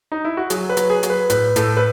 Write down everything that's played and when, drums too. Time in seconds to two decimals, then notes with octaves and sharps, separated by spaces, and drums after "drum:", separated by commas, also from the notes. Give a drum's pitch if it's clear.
0.12 D#4
0.25 E4
0.37 F#4
0.50 F#3 G#4, drum: hi-hat
0.69 B4
0.77 F#3, drum: hi-hat
0.90 G#4
1.03 F#3, drum: hi-hat
1.10 B4
1.30 A2 B4, drum: hi-hat
1.56 A2 A4, drum: hi-hat
1.77 B4